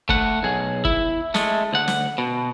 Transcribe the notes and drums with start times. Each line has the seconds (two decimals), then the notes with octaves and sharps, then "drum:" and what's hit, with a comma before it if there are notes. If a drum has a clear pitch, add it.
0.09 A3 F#5, drum: kick
0.43 B1 G#4
0.85 E4, drum: kick
1.34 G#3 A3, drum: snare
1.73 D2 F#5
1.88 drum: snare
2.18 B2